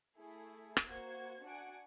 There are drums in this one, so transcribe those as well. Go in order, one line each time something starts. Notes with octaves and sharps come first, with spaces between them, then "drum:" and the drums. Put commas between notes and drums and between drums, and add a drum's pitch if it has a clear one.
A3 E4 G#4
drum: rim click
A#3 F#4 C5 G#6
D4 F#4 F#5 G#5 D7